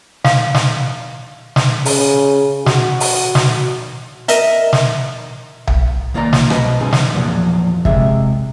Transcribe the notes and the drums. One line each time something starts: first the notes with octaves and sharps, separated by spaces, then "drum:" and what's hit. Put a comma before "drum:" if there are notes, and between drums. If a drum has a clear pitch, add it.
F5, drum: snare
drum: snare
drum: snare
C#3, drum: open hi-hat
F#4, drum: snare
drum: open hi-hat
drum: snare
A#4 D#5 E5, drum: hi-hat
drum: snare
drum: tom B1
D#3 A#3 F4 D5 A#5
drum: snare
B2 G#4 B4 C5 D#5 B5, drum: rim click
G2 D3 C4 G#4
E3 D#4 C6, drum: snare
E2 A#2 F3 F#3
C3 G#3 E5, drum: kick